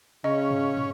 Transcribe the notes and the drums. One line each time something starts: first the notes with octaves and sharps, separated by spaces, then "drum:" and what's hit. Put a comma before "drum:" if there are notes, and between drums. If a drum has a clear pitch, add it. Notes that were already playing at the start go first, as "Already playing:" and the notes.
C#3 C#4 D#5
drum: tom G2
drum: tom